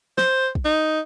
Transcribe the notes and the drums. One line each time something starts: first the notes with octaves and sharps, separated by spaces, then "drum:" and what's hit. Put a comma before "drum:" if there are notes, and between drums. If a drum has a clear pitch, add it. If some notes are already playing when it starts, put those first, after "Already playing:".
C5, drum: snare
drum: kick
D#4